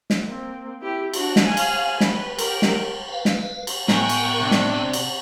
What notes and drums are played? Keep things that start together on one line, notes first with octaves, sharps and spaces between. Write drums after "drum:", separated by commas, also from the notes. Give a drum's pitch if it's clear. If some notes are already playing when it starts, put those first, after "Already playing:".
drum: snare
A#3 C4
E4 G4
D4 F#4, drum: cymbal
drum: snare
F5 G#5
drum: cymbal
B4, drum: snare
G4 A#4, drum: cymbal
drum: snare
B4 F5
drum: snare
drum: cymbal
A2 B3 A#4 E5 G5 G#5 C#6 F#6, drum: snare
drum: cymbal
C3 D4
drum: snare
drum: cymbal